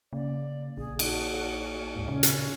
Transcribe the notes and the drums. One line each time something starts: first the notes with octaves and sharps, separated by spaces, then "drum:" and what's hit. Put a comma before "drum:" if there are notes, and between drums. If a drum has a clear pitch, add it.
C#3 A#3 D5
A#1 G#4
F#4, drum: cymbal
D#2 G#2
A#2 C#3 C#4
drum: hi-hat